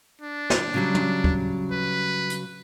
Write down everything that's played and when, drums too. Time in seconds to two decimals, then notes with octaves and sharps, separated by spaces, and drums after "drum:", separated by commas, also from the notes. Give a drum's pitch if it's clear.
0.21 D4
0.50 drum: snare
0.74 C#3 F#3 G3
0.95 drum: tom
1.24 drum: kick D2
1.71 B4
2.30 drum: hi-hat